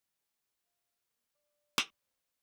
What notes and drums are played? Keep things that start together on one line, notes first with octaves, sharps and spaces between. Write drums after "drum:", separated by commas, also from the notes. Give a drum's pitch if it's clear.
G#4
F5
A#3
D5
drum: snare
C5